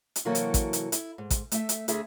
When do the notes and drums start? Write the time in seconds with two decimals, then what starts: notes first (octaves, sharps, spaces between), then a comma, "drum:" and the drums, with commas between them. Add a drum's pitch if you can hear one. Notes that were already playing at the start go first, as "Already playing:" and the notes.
0.16 drum: hi-hat
0.25 C3 E3 F#3 A#3 F#4 A4
0.35 drum: hi-hat
0.54 drum: kick, hi-hat
0.73 drum: hi-hat
0.92 E4, drum: hi-hat
1.18 G#2
1.30 drum: kick, hi-hat
1.52 A3 E5, drum: hi-hat
1.69 drum: hi-hat
1.88 D2 D3 G#4 E5, drum: hi-hat